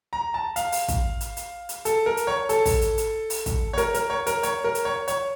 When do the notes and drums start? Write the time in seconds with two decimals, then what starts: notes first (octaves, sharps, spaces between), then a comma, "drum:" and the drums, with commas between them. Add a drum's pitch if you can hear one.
0.13 A#5
0.34 A5
0.56 F5, drum: hi-hat
0.72 drum: open hi-hat
0.88 drum: kick, hi-hat
1.21 drum: hi-hat
1.37 drum: hi-hat
1.69 drum: hi-hat
1.85 A4, drum: hi-hat
2.06 A#4
2.17 drum: hi-hat
2.27 C#5
2.49 A4, drum: hi-hat
2.65 drum: kick, open hi-hat
2.82 drum: hi-hat
2.98 drum: hi-hat
3.30 drum: open hi-hat
3.46 drum: kick, hi-hat
3.73 C#5
3.78 A#4, drum: hi-hat
3.94 A#4, drum: hi-hat
4.10 C#5
4.27 A#4, drum: hi-hat
4.43 C#5, drum: hi-hat
4.64 A#4
4.75 drum: hi-hat
4.85 C#5
5.08 C#5, drum: hi-hat